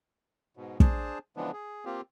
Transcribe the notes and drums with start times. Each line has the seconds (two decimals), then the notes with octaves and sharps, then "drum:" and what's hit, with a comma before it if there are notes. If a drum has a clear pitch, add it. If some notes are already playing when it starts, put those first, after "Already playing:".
0.57 G#2 B2
0.80 D4 G#4 C5 A5, drum: kick
1.37 C#3 E3 F3 G#3 B3 D4
1.53 G#4
1.85 A#3 C4 F4 G4